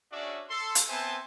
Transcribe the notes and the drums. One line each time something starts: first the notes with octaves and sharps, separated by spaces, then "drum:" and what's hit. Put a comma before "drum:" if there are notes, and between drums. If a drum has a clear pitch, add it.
C#4 D4 F#4 G#4 D5 E5
A4 C6
drum: hi-hat
B3 C4 C5 E5 G#5 A5